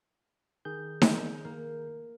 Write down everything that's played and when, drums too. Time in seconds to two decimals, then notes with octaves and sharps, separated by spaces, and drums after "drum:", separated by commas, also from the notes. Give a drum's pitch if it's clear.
0.65 D#3 G#4 G6
1.02 drum: snare D#4
1.45 A#3